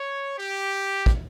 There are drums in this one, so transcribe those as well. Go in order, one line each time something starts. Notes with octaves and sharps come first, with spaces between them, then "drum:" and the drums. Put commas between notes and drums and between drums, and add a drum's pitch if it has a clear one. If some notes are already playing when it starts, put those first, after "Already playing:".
Already playing: C#5
G4
drum: kick